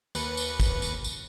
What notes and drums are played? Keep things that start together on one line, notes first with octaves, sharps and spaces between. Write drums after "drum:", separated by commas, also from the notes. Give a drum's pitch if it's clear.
D#2 B4 C#7, drum: tambourine
drum: tambourine
drum: kick, tambourine
drum: tambourine
drum: tambourine